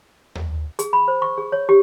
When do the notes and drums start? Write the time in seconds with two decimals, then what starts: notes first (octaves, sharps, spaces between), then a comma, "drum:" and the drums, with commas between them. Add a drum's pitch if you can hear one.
0.35 drum: tom D#2
0.79 G#4, drum: hi-hat
0.93 B5
1.08 C5
1.22 C#6
1.38 G#4
1.52 C#5
1.69 G4